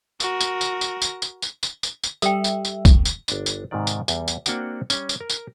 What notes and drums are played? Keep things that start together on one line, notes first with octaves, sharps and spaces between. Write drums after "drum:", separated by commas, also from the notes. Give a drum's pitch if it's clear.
F#4 A#4, drum: tambourine
drum: tambourine
drum: tambourine
drum: tambourine
drum: tambourine
drum: tambourine
drum: tambourine
drum: tambourine
drum: tambourine
drum: tambourine
G3 A4 E5 G5, drum: tambourine
drum: tambourine
drum: tambourine
drum: kick B1, tambourine
drum: tambourine
G1 D4, drum: tambourine
drum: tambourine
G#2 C3 D#3 D5
drum: tambourine
E2 G3, drum: tambourine
drum: tambourine
A#3 C4 D4 F#4 F#5 G5, drum: tambourine
G3 C#4, drum: tambourine
drum: tambourine
A#4
drum: tambourine